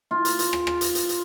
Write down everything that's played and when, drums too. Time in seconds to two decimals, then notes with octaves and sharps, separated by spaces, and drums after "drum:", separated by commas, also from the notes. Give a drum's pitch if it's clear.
0.11 F4
0.25 drum: hi-hat
0.39 drum: hi-hat
0.53 drum: rim click
0.67 drum: rim click
0.81 drum: hi-hat
0.95 drum: hi-hat
1.09 drum: hi-hat